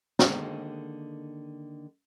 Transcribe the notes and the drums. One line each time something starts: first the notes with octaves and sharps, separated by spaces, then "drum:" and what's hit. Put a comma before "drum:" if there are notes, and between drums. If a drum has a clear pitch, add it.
D3 D#3 G#3 A#3, drum: snare